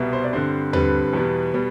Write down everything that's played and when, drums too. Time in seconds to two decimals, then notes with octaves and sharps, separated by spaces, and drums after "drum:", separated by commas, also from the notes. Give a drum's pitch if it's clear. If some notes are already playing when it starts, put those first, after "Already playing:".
Already playing: C2 B2 G3 B3
0.13 C5
0.24 D5
0.33 G2 D3 G3 C4 C5
0.73 G2 D3 G3 C4 B4, drum: tom D#2
1.13 E2 B2 G3
1.54 B2 G3